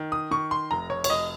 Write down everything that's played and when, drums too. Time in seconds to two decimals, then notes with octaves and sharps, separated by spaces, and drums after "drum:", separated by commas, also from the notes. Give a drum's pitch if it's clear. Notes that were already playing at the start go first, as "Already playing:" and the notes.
Already playing: D#3
0.12 D#6
0.31 D#3 C#6
0.51 C6
0.71 F1 A#5
0.90 C#5
1.04 C#5, drum: cymbal
1.10 F1 D#5